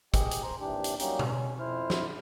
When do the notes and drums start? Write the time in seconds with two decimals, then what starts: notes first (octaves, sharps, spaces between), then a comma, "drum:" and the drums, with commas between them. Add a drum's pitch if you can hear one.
0.14 G4 G#4 D#5, drum: kick, hi-hat
0.31 drum: hi-hat
0.42 C5 A#5
0.60 D#2 C3 E3 D4 G4
0.84 drum: hi-hat
1.00 F#3 G3 A#3 C#4 D#4 G4, drum: hi-hat
1.19 drum: tom B2
1.30 G#3 C#4
1.59 F2 E4 C5 F6
1.90 drum: snare